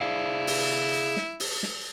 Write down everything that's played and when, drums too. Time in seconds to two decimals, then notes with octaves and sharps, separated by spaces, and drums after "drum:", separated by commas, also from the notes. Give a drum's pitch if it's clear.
0.01 E4 G#4 D5 F5
0.47 drum: open hi-hat
0.93 drum: hi-hat
1.17 drum: snare
1.40 drum: open hi-hat
1.63 drum: snare